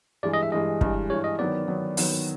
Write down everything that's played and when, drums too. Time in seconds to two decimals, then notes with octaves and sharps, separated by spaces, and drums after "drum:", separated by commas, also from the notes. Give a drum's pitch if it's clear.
0.23 G2 E3 G#3 D5
0.33 D#5
0.43 E5
0.52 G2 E3 G#3 D#5
0.81 G2 E3 G#3, drum: kick
1.10 G2 E3 G#3 C#5
1.24 D#5
1.39 D#3 F#3 B3 D5
1.67 D#3 F#3 B3
1.97 D#3 F#3 B3, drum: open hi-hat